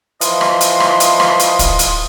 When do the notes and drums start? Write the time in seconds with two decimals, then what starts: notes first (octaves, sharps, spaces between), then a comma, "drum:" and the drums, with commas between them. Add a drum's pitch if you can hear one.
0.21 E3 F3 D#5 C6, drum: hi-hat
0.41 drum: rim click
0.61 drum: hi-hat
0.80 drum: rim click
1.00 drum: hi-hat
1.20 drum: rim click
1.39 drum: hi-hat
1.59 drum: kick, hi-hat
1.79 drum: hi-hat